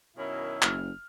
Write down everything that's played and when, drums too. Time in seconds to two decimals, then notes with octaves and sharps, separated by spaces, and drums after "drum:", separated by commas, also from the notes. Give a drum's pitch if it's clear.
0.17 F#2 B2 D#3 C#4 E4
0.62 F#1 F6, drum: clap